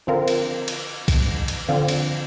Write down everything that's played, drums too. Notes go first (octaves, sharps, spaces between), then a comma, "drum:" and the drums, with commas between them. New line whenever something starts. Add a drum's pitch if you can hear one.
D3 F3 C4 F4 A#4
drum: cymbal
drum: cymbal
drum: kick B1, cymbal
drum: cymbal
D3 F3 C4 F4
drum: cymbal